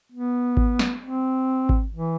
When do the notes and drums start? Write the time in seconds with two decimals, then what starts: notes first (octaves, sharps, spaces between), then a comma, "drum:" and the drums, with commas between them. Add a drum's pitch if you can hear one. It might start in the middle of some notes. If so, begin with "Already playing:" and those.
0.12 B3
0.57 drum: kick G#1
0.79 drum: snare
1.02 C4
1.69 drum: kick G#1
1.91 E3